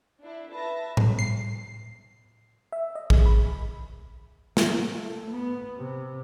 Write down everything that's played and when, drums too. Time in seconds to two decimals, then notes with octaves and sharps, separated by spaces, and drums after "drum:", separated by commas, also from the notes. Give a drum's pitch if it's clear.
0.21 D4 E4
0.53 B4 E5 A5 A#6
0.97 drum: tom A2
1.19 C7
2.72 E5
2.95 D#5
3.10 G#4, drum: kick A1
3.26 B5
4.57 A#3, drum: snare
4.90 A3
5.31 B3
5.77 C3